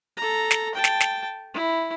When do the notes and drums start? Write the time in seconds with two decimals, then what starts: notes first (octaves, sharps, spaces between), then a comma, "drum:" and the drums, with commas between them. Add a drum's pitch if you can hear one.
0.17 A4 A#5
0.51 drum: snare
0.74 G5 A5
0.84 drum: snare
1.00 drum: snare
1.54 E4